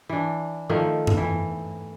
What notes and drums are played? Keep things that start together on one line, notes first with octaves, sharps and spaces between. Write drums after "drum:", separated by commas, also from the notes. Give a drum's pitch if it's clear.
E3 D4
D#3 F3 A3 A#3
drum: tom F#2
E3